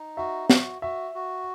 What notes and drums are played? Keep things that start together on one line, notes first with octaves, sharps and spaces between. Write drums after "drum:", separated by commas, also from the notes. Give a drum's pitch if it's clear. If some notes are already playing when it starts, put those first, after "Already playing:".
Already playing: D#4
F#4 E5
F#4, drum: snare
F#4 E5
F#4